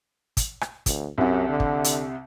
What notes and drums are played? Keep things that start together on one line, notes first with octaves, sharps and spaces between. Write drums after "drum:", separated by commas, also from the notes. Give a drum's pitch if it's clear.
drum: kick, hi-hat
drum: rim click
D2, drum: kick, hi-hat
C2 F#2 C3
D3
drum: kick
drum: hi-hat